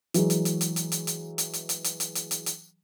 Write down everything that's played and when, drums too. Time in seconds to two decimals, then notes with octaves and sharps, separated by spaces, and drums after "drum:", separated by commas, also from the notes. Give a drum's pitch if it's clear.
0.14 E3 F#3 G#3, drum: hi-hat
0.30 drum: hi-hat
0.45 drum: hi-hat
0.61 drum: hi-hat
0.76 drum: hi-hat
0.92 drum: hi-hat
1.07 drum: hi-hat
1.38 drum: hi-hat
1.53 drum: hi-hat
1.69 drum: hi-hat
1.84 drum: hi-hat
2.00 drum: hi-hat
2.15 drum: hi-hat
2.31 drum: hi-hat
2.46 drum: hi-hat